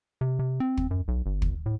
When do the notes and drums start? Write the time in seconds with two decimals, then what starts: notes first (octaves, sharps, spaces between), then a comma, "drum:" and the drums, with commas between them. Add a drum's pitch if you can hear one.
0.21 C3
0.39 C3
0.60 C4
0.77 drum: kick
0.91 F#2
1.08 B1
1.26 G1
1.42 drum: kick
1.66 A2